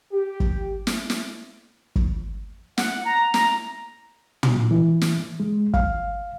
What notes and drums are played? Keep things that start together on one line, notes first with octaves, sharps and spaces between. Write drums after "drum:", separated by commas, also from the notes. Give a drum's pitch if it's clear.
G4
drum: kick
drum: snare
drum: snare
drum: kick
F#5, drum: snare
A#5
A#5, drum: snare
drum: tom
E3
drum: snare
G#3
F5, drum: kick